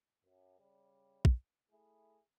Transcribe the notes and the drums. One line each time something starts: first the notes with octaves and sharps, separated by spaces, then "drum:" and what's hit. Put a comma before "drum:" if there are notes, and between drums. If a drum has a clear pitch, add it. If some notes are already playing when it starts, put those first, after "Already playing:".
F#2
C#3 G3
drum: kick
A3 E4 G#4